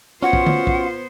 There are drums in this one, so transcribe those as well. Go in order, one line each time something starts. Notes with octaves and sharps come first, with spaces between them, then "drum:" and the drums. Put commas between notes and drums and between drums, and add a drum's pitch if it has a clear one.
B3 C#4 F4 F#4 C5 C#5 F#5
drum: kick
drum: tom D3
drum: kick